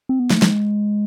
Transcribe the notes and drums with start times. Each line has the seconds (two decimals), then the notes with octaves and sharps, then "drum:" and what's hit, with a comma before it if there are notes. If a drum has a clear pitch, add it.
0.09 C4
0.20 B3
0.30 A3, drum: snare
0.42 G#3, drum: snare